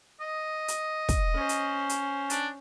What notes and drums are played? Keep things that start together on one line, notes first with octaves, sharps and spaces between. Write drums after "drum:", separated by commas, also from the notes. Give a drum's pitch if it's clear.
D#5
drum: hi-hat
drum: kick, hi-hat
C#4 C5
drum: hi-hat
drum: hi-hat
D4, drum: hi-hat